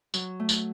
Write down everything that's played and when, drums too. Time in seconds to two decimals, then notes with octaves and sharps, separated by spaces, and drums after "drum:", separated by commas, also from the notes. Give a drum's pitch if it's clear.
0.14 F#3, drum: tambourine
0.40 A3
0.49 drum: tambourine